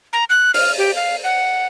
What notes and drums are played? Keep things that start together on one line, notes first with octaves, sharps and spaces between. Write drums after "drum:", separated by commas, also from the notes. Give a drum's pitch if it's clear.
A#5
F#6
F6, drum: open hi-hat
G4
F5
F#5